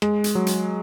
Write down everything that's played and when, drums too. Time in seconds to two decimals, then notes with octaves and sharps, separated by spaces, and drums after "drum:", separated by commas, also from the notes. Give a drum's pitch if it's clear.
0.02 G#3, drum: rim click
0.24 drum: hi-hat
0.35 F#3
0.47 drum: hi-hat